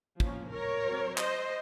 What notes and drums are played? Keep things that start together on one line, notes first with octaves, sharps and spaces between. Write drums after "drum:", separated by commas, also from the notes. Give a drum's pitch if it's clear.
F3 A#3 C#4, drum: kick
A#4 C#5
F#3 C4
C5 D#5, drum: clap